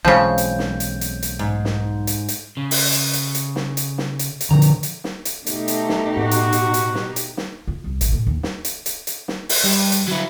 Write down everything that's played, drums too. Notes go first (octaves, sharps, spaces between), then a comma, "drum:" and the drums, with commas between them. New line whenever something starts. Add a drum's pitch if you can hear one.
B1 C#3 E3 F3 G#3 C4 G6
drum: hi-hat
drum: snare
drum: hi-hat
drum: hi-hat
drum: hi-hat
G#2
drum: snare
drum: hi-hat
drum: hi-hat
C#3
drum: open hi-hat
drum: hi-hat
drum: hi-hat
drum: hi-hat
drum: snare
drum: hi-hat
drum: snare
drum: hi-hat
drum: hi-hat
D3 F3 A#5
drum: hi-hat
drum: hi-hat
drum: snare
drum: hi-hat
B2 A3 D#4 G4, drum: hi-hat
drum: hi-hat
drum: snare
A2 F#4
drum: hi-hat
drum: hi-hat
drum: hi-hat
drum: snare
drum: hi-hat
drum: snare
F4
C2
A1, drum: hi-hat
A2
D#2
drum: snare
drum: hi-hat
drum: hi-hat
drum: hi-hat
drum: snare
drum: open hi-hat
G2
drum: hi-hat
F#3 E4